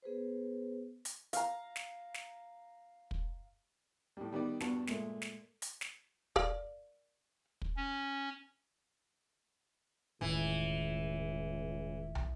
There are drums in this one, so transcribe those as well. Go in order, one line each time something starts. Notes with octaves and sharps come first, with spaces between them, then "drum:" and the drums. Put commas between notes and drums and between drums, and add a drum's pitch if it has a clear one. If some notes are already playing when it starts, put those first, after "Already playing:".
B3 G#4 B4 C5
drum: hi-hat
F5 A#5, drum: hi-hat
drum: snare
drum: snare
drum: kick
A2 G3
D#3 G3 B3 D#4 A#4 D5
E2 G2 B3 F#4 A5, drum: snare
A#2 G#3 A3, drum: snare
drum: snare
drum: hi-hat
drum: snare
A#4 D5 F5, drum: kick
drum: kick
C#4
E1 C#2 A2 D#3 E3
drum: tom